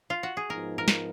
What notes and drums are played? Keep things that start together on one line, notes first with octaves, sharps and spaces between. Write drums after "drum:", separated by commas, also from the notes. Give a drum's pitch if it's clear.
F4
F#4
G#4
G#2 F3 B3 D#4 A#4
A#4
drum: snare